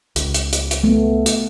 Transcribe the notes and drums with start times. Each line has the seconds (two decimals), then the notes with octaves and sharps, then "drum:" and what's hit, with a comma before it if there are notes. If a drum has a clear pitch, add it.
0.16 C#2, drum: hi-hat
0.34 drum: hi-hat
0.53 drum: hi-hat
0.71 drum: hi-hat
0.83 A3 B3
1.26 drum: hi-hat